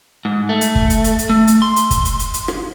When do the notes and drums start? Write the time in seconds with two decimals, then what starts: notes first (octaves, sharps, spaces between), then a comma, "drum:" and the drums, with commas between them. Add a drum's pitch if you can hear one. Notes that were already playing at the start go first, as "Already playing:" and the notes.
0.25 G#2
0.49 A3
0.61 drum: hi-hat
0.75 drum: kick
0.90 drum: hi-hat
1.04 drum: hi-hat
1.19 drum: hi-hat
1.29 A3
1.47 drum: hi-hat
1.62 C6
1.76 drum: hi-hat
1.91 drum: kick, hi-hat
2.05 drum: hi-hat
2.19 drum: hi-hat
2.34 drum: hi-hat
2.48 drum: rim click